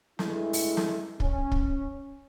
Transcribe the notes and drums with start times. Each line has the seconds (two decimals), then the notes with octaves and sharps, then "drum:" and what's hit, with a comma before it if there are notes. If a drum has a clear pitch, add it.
0.19 G2 G#3 A3 E4, drum: snare
0.53 drum: open hi-hat
0.77 drum: snare
1.20 C#4, drum: kick
1.52 drum: kick